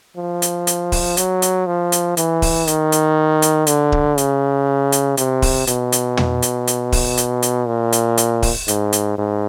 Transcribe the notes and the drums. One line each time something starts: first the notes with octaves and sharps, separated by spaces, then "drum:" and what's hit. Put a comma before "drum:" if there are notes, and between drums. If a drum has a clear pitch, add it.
F3
drum: hi-hat
drum: hi-hat
drum: kick D1, open hi-hat
F#3, drum: hi-hat
drum: hi-hat
F3
drum: hi-hat
E3, drum: hi-hat
drum: kick D1, open hi-hat
D#3, drum: hi-hat
drum: hi-hat
drum: hi-hat
D3, drum: hi-hat
drum: kick D1
C#3, drum: hi-hat
drum: hi-hat
C3, drum: hi-hat
drum: kick D1, open hi-hat
B2, drum: hi-hat
drum: hi-hat
drum: tom
drum: hi-hat
drum: hi-hat
drum: kick D1, open hi-hat
drum: hi-hat
drum: hi-hat
A#2
drum: hi-hat
drum: hi-hat
drum: kick D1, open hi-hat
G#2, drum: hi-hat
drum: hi-hat
G#2